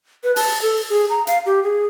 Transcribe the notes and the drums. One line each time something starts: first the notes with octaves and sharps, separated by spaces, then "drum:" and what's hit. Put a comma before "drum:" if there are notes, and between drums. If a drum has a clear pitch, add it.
B4
A5, drum: open hi-hat
A4
G#4
A#5
F5, drum: hi-hat
G4
G#4